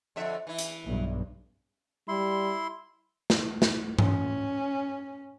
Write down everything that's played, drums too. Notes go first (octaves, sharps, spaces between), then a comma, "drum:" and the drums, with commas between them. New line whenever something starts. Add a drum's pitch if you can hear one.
F2 D3 E5
E3 E4
drum: hi-hat
B1 G2
G3 E4 C6
drum: snare
drum: snare
C#4, drum: tom G2